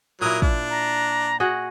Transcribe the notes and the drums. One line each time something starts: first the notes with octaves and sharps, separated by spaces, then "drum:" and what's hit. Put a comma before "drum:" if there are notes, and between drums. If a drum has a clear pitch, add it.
A#2 F#3 E4 A#4 D#6
D4, drum: kick
A#5
F#4 G#4 D#5 F#5